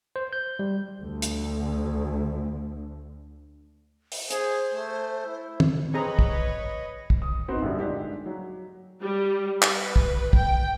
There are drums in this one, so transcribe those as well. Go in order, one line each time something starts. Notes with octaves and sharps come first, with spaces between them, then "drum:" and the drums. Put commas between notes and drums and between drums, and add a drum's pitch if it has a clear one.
C5
G6
G3
D2 D3
drum: hi-hat
drum: open hi-hat
G#4 C5, drum: hi-hat
A3
E4
drum: tom
C4 G#4 B4 C#5 D#5 A#5
drum: kick
drum: kick
D#6
B3 C4 D#4 F#4 B4 C5
A#1 F#2 D3 G3
G#3 D4 D#4 F4 G4
F#3
G3
drum: clap
B4
drum: kick
G5, drum: kick